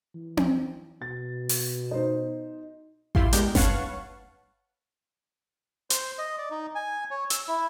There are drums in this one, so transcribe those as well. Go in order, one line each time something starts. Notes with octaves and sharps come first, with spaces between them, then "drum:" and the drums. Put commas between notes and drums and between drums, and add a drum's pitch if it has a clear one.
E3
drum: tom C4
B2 A6
drum: open hi-hat
D#4 C5
E4 F4 G4 C6, drum: kick A1
G#3 B3 D4 G4 A#4 G6, drum: hi-hat
B4 C#5 F5 F#5 A5 C#6, drum: snare G1
C5, drum: hi-hat
D#5
D5
D#4
G#5
C#5
E6, drum: hi-hat
E4